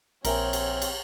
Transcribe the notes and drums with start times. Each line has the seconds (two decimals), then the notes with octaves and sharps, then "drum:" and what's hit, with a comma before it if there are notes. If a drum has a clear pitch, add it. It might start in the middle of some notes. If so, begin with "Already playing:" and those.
0.25 A#1 C4 A#4 C#5 E5 G#5 F6, drum: cymbal
0.53 drum: cymbal
0.82 drum: cymbal